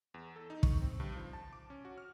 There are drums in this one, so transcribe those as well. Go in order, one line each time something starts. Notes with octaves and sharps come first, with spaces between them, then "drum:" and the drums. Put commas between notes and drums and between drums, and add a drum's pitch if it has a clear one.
E2
A4
D#4
C#6, drum: kick
C4
G2
F3
A5
D6
C#4
F#4
F6